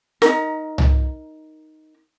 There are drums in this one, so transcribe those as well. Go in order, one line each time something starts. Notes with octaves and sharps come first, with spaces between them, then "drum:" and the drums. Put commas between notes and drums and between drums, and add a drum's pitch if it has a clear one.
D#4 A#4, drum: snare
drum: tom C2